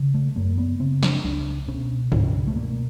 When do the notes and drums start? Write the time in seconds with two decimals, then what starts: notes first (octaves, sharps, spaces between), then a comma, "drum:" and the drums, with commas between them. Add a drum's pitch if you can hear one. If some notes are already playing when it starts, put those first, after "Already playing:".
Already playing: C#3
0.14 A3
0.36 F#2 A#3
0.58 B3
0.80 C#3 C4
1.03 D4, drum: snare
1.24 C#2 D4
1.68 B2 C#4
2.12 C#2 C#4, drum: tom G2
2.47 A3
2.56 B2 A#3